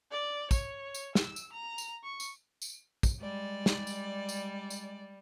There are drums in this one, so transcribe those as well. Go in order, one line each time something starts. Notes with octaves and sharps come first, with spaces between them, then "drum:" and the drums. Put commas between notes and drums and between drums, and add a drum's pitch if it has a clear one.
D5
C#5, drum: kick, tambourine
drum: tambourine
E6, drum: snare
drum: tambourine
A#5
drum: tambourine
C#6
drum: tambourine
drum: tambourine
drum: kick, tambourine
G3 G#3 D5
drum: snare
drum: tambourine
drum: tambourine
drum: tambourine